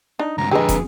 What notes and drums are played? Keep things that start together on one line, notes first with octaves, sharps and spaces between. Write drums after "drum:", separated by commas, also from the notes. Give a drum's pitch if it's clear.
D4 D#4
C#2 G2 A#5
F2 D3 G4 G#4 B4 D#5 A#5 E6
drum: kick, hi-hat